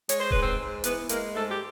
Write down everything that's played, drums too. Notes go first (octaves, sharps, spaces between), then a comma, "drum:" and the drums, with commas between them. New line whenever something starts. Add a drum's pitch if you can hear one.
G#3 C#5, drum: hi-hat
C5
G#2 B4, drum: kick D#1
C4 C5
G#2
E3 B3 B4, drum: hi-hat
G#3 A#3 A#4, drum: hi-hat
G#2 A3 A4
G4